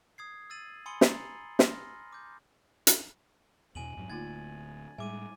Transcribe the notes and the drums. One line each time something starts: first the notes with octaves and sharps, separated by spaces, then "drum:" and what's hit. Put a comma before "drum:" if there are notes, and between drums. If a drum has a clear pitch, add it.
D#6 G#6 C7
E6 G#6 A6 D#7 F#7
G#5 B5 C6 D#6 C#7 G7
A#5 A6 C7 F#7, drum: snare
C6 F6 A#6, drum: snare
D6 G6
drum: hi-hat
E2 B2 G#5 D#7 F#7
F2 G#2 F#3
D1 D2 A#3 D#4 F4 G#6 A6
A2 G3 G#3 G#4 G#5 D6 D#7